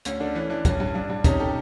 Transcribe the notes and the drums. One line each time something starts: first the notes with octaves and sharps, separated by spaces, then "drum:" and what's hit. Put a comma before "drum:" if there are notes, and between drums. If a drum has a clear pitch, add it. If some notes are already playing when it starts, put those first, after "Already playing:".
D2 C#4, drum: hi-hat
D3 D4
E3 C#4
E3 D4
G2 C#4, drum: kick, hi-hat
G2
G2 D4
G2
C3 C#4 D#4, drum: kick, hi-hat
G4 A4